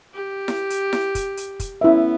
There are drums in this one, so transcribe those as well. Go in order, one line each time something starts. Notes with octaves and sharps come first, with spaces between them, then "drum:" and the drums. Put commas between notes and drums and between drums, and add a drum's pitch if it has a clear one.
G4
drum: snare E4
drum: hi-hat
drum: snare E4
drum: kick, hi-hat
drum: hi-hat
drum: kick, hi-hat
B3 C#4 E4 B4 E5